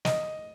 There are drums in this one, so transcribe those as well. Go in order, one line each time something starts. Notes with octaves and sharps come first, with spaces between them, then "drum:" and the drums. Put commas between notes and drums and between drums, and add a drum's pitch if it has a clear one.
D#5, drum: snare